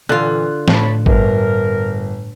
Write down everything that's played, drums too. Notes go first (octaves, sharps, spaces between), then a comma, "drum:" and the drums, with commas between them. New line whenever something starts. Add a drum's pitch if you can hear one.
A#2 D3 E3 F4 F#6
A2 C#5 A5 B5, drum: snare
G1 A#4, drum: kick G#1